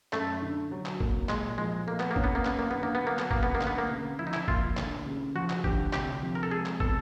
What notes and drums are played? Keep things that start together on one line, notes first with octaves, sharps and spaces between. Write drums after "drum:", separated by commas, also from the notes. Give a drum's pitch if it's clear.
F#2 A3, drum: clap
D3
F#3
drum: clap
A#3, drum: kick
A#2 G#3, drum: clap
F3 G#3
A3 A#3
B3, drum: clap
A#3
C#4, drum: kick
B3
A#3
F#2 B3, drum: clap
A#3
D3 B3
A#3
B3
F#3 A#3
B3, drum: clap
F#2 A#3, drum: kick
B3
A#3
D2, drum: clap
B3
A#3
C#3
F3 E4
D#4
E4, drum: clap
A#3 F4, drum: kick
D2, drum: clap
C#3
F3 F#4
drum: clap
D2 G4, drum: kick
C3 G4, drum: clap
F3
A#4
A4
G#3 G#4
drum: clap
B3 A4, drum: kick